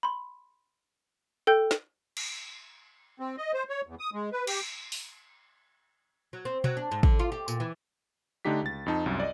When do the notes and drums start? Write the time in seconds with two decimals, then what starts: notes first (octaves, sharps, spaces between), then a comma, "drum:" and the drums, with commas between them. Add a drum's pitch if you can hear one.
0.03 B5 C6
1.47 A4 G5 G6
1.71 drum: snare
2.17 drum: cymbal
3.20 C4
3.38 D#5
3.53 C5
3.69 C#5
3.87 E2
3.99 D#6
4.14 G#3
4.32 B4
4.47 G4, drum: cymbal
4.92 drum: open hi-hat
6.33 F#3
6.45 C4
6.64 F#3, drum: tom B2
6.77 D4
6.91 G#2
7.03 D3, drum: kick
7.19 F4
7.32 G4
7.48 A#2, drum: tambourine
7.60 E3
8.45 D3 A3 D4 D#4 G4 B6
8.62 C#2 A6
8.86 F2 D#4 A5
9.06 C2 F#2
9.20 D5 D#5